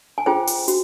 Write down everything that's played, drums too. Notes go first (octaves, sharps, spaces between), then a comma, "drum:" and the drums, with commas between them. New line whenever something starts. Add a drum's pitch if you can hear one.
G#5
F4 G#4 C5 G5
drum: open hi-hat
F#4, drum: hi-hat